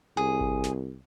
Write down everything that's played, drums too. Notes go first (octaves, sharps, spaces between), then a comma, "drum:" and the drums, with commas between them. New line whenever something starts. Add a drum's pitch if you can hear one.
C2 G#4
drum: kick G#1
drum: snare